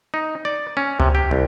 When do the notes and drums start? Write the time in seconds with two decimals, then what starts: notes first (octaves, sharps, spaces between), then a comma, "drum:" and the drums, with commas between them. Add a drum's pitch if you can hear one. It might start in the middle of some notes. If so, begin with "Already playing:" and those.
0.14 D#4
0.45 D5
0.77 C#4
1.00 C3, drum: tom C#2
1.15 G4
1.31 C2